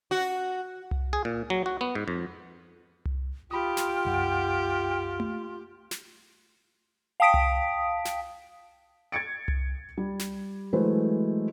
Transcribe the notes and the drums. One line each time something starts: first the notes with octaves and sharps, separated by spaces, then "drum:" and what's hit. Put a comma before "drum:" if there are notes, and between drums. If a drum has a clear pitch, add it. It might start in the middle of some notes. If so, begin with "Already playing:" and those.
F#4
drum: tom C2
G#4
A#2
F#3
F#4
B3
G#2
F2
drum: tom C2
F4 G4 G5 B5 D#6
drum: snare
C2 F#2 F#5
drum: tom A3
drum: snare
F5 G5 A5 D#6 B6 D7
drum: tom C2
drum: snare
G#6 A6 C#7 D7
drum: tom C2
G3
drum: snare
E3 F#3 G#3 A3 B4 C5